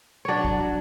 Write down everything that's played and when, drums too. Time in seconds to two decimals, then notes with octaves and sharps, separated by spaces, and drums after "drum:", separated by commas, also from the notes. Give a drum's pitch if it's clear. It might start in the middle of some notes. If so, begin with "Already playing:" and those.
0.25 F#3 D4 C#5 D5
0.45 drum: kick
0.60 F#3